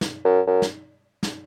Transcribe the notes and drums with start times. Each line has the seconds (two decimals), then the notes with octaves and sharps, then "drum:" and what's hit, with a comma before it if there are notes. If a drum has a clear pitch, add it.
0.01 drum: snare
0.25 F#2
0.47 F#2
0.62 drum: snare
1.23 drum: snare